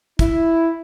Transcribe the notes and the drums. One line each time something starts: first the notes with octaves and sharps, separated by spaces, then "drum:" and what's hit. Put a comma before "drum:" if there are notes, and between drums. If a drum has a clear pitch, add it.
E4, drum: kick, hi-hat